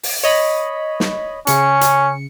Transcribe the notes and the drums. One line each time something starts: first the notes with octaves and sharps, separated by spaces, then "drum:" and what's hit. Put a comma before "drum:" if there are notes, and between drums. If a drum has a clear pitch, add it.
drum: open hi-hat
C#5 D#5 B5
drum: snare
C#3 C#4 C#7, drum: hi-hat
drum: hi-hat